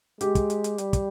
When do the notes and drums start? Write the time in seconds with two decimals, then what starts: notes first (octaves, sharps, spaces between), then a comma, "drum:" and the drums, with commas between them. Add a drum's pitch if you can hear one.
0.21 G#3 G4, drum: hi-hat
0.35 drum: kick, hi-hat
0.50 drum: hi-hat
0.64 drum: hi-hat
0.78 G3, drum: hi-hat
0.93 drum: kick, hi-hat